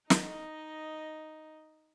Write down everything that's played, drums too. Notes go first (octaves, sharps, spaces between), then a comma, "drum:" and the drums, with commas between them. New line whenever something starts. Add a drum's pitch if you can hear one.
D#4 D#5, drum: snare